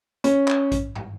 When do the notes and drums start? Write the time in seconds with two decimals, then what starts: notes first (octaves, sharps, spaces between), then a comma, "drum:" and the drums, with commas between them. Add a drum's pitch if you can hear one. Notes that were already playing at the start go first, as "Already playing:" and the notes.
0.24 C#4, drum: hi-hat
0.48 drum: clap
0.72 drum: kick A1, hi-hat
0.95 drum: tom